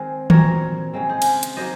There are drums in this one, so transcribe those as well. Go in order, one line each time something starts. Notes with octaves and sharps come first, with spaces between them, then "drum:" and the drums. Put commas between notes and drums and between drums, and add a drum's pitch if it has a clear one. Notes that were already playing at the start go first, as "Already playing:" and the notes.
Already playing: D#3 G#3 C4
A#2 F#3 C4 A#4 C#5, drum: tom D#3
C#3 G#3 C4
G#4 C5
drum: cymbal
drum: hi-hat
D#3 F#3 A#3 C5 D#5